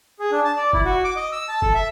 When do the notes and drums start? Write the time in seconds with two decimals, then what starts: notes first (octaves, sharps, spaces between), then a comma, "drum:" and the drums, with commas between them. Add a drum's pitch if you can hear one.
0.19 G#4
0.31 D4
0.44 A5
0.57 D5
0.73 E4, drum: kick F#1
0.85 F#4
1.04 D6
1.16 D#5
1.32 E6
1.48 A5
1.62 A4, drum: kick F#1
1.75 E5